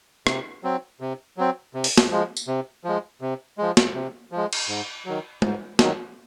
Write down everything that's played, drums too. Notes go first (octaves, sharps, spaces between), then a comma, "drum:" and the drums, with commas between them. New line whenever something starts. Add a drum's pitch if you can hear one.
C3, drum: rim click
F#3 C4
C3
F#3 C4
C3
drum: open hi-hat
drum: snare
F3 G#3
drum: tambourine
C3
F3 G#3
C3
F3 G#3
drum: snare
C3
F3 G#3
drum: cymbal
G#2
D#3 F#3
G#2, drum: tom G#3
D#3 F#3, drum: snare